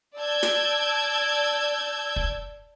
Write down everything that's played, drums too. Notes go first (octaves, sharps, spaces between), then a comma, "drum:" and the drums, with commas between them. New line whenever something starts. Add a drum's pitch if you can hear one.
D5 A5 E6 G6 G#6
drum: snare
drum: kick